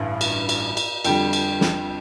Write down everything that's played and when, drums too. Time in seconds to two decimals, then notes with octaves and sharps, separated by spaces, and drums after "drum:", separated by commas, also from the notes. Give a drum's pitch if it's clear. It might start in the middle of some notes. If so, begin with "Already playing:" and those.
Already playing: A1 G2 D3 F5
0.21 drum: cymbal
0.49 drum: cymbal
0.77 drum: cymbal
1.04 F2 D3 G3 G5, drum: cymbal
1.33 drum: cymbal
1.61 drum: snare